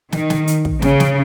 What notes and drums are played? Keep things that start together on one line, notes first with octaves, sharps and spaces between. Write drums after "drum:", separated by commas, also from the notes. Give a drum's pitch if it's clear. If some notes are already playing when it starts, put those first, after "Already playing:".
D#3, drum: snare
drum: snare
drum: hi-hat
drum: kick
C#3, drum: snare
drum: snare